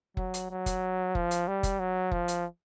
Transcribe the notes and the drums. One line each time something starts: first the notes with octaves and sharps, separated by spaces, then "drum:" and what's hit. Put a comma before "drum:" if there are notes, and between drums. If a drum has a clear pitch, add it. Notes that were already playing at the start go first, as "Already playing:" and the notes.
F#3, drum: kick
drum: hi-hat
F#3
drum: kick, hi-hat
F3, drum: kick
drum: hi-hat
G3
drum: kick, hi-hat
F#3
F3, drum: kick
drum: hi-hat